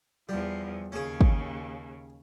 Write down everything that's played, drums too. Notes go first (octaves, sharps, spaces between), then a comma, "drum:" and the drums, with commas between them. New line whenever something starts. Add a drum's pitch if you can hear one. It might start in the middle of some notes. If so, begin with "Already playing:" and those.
E2 F3 G3
D#2 C#3 C#4 G#4
drum: kick